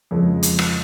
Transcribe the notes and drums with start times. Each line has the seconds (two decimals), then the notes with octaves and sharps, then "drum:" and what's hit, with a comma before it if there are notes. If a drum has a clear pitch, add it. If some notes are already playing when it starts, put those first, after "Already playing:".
0.11 F2 C#3 F3 G#3
0.43 drum: hi-hat
0.59 drum: rim click